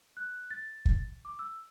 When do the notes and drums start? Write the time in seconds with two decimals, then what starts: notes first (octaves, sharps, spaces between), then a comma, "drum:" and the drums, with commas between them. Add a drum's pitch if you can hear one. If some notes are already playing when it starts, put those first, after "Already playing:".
0.17 F#6
0.51 A6
0.85 drum: kick
1.25 D6
1.39 E6